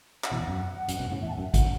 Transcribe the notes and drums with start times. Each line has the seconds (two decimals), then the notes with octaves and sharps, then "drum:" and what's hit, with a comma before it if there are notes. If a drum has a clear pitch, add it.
0.24 F#5, drum: clap
0.32 B2 E3
0.40 E2
0.48 F#2
0.88 F#2, drum: hi-hat
0.99 F#2 B2
1.11 A2 C#3
1.21 E2 A2 E5
1.28 A5
1.32 F#5
1.38 F#2
1.43 E5
1.54 A2 F#5, drum: kick G#1, hi-hat